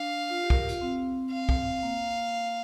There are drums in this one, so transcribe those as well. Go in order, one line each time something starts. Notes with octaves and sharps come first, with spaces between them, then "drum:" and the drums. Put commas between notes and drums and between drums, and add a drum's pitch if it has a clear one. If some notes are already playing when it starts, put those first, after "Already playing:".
Already playing: D4 F5
F4
G4
A#4, drum: kick
G4
F4, drum: hi-hat
C4
F5
drum: kick
A#3